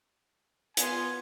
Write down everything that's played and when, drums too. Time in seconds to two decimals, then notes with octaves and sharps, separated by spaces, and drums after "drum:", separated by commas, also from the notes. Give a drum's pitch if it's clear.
0.77 B3 F4 G#5, drum: hi-hat